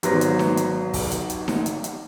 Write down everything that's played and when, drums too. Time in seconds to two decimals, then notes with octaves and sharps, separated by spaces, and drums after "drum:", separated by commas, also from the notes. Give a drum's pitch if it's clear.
0.03 G#1 F#3 B3 C5 A#6, drum: hi-hat
0.21 drum: hi-hat
0.39 drum: snare D#4
0.57 drum: hi-hat
0.93 drum: kick, open hi-hat
1.12 drum: hi-hat
1.30 drum: hi-hat
1.48 drum: snare D#4
1.66 drum: hi-hat
1.84 drum: hi-hat